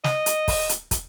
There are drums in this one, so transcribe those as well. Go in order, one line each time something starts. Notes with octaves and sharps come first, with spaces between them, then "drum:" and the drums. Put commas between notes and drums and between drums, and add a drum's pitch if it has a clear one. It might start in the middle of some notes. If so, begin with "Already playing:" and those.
D#5, drum: snare
drum: hi-hat
drum: kick, open hi-hat
drum: hi-hat
drum: kick, hi-hat